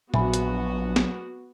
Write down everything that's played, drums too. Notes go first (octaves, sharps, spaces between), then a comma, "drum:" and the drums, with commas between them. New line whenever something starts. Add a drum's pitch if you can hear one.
A#1 F#3 B3 F#4 E5 G#5 B5, drum: tom A#2
drum: hi-hat
drum: snare